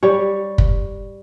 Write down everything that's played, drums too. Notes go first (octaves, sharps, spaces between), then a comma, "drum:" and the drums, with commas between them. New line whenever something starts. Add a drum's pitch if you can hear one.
G3 C#5
drum: kick